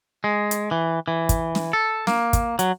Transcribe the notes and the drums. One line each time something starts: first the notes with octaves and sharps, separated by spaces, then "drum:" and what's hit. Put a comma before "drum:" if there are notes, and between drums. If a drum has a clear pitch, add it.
G#3
drum: hi-hat
E3
E3
drum: kick, hi-hat
drum: snare
A4
A#3, drum: snare
drum: kick, hi-hat
F#3, drum: hi-hat